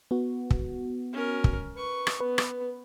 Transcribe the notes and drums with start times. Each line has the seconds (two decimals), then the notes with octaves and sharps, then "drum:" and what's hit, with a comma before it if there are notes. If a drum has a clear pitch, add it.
0.11 B3 F#4
0.51 drum: kick
1.13 C#4 A#4
1.44 drum: kick
1.75 B4 C#6
2.07 drum: rim click
2.20 B3 B4
2.38 drum: rim click